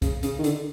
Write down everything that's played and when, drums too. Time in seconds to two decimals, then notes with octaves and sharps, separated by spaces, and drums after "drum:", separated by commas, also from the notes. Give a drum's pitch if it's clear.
0.02 C#3, drum: kick, hi-hat
0.23 C#3, drum: hi-hat
0.38 D#3
0.44 D3, drum: hi-hat